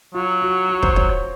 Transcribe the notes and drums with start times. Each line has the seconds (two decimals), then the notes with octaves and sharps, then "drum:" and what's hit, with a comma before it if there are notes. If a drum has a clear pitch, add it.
0.14 F#3 F4
0.42 F#4
0.69 F#4
0.83 C5, drum: kick
0.96 C#5, drum: kick
1.09 C#5